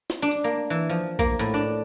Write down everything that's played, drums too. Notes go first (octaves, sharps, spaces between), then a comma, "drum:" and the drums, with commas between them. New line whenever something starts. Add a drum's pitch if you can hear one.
drum: snare
D4
drum: hi-hat
A#3
E3
F3
A#3, drum: kick A#1, hi-hat
A2, drum: hi-hat
D4